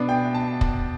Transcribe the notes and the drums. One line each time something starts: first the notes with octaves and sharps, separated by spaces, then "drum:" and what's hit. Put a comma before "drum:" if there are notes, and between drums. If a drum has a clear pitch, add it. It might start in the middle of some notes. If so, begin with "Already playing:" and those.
Already playing: B2 B3 D4
G5
A5
drum: kick